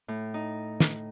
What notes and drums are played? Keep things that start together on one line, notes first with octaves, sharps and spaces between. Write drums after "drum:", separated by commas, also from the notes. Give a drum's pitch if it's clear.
A2
D#4
drum: snare